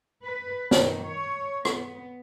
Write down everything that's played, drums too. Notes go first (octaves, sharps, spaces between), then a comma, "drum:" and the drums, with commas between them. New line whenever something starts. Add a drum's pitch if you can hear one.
B4
D#3, drum: snare
C#5
B3, drum: rim click